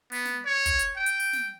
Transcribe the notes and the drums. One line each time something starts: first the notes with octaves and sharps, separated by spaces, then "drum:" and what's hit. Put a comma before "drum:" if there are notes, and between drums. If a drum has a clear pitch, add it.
B3, drum: open hi-hat
drum: snare
C#5
drum: kick, hi-hat
drum: hi-hat
G5
drum: hi-hat
drum: open hi-hat
drum: snare